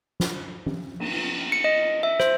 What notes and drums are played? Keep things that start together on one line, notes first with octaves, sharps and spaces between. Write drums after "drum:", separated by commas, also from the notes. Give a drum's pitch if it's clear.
drum: snare
drum: tom
drum: cymbal
C#7
D#5
E5
C5, drum: rim click